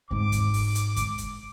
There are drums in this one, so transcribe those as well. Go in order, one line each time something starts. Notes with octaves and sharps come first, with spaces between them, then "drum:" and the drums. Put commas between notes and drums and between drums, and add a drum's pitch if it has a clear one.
G#2 C4 D6, drum: kick
drum: kick, hi-hat
drum: open hi-hat
drum: hi-hat
drum: kick, hi-hat
drum: hi-hat